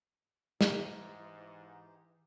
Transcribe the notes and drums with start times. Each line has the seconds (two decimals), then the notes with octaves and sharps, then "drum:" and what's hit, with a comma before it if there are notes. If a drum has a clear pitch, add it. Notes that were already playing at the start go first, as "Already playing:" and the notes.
0.61 G#2 E3 D#4 G4, drum: snare